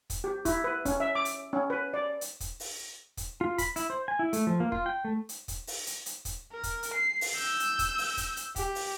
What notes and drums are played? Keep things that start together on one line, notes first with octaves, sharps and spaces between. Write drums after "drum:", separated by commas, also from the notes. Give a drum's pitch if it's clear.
drum: kick, hi-hat
G4
E4, drum: kick, hi-hat
B4
C#4, drum: kick, hi-hat
E5
D6
drum: hi-hat
C#4
B4
D5
drum: hi-hat
drum: kick, hi-hat
drum: open hi-hat
drum: kick, hi-hat
F4
B5, drum: kick, hi-hat
E4, drum: hi-hat
C5
G#5
E4
A3, drum: hi-hat
F3
A#3
F4, drum: kick
G5
A3
drum: hi-hat
drum: kick, hi-hat
drum: open hi-hat
drum: hi-hat
drum: hi-hat
drum: kick, hi-hat
A#4
drum: kick, hi-hat
drum: hi-hat
C7
drum: open hi-hat
E6 G6
drum: hi-hat
drum: kick, hi-hat
drum: open hi-hat
drum: kick, hi-hat
drum: hi-hat
G4, drum: kick, hi-hat
drum: open hi-hat